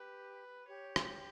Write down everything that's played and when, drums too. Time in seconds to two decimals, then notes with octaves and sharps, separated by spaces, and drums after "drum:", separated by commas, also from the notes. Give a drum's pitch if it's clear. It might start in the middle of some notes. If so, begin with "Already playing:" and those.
Already playing: G4 B4
0.68 G4 C#5
0.96 drum: rim click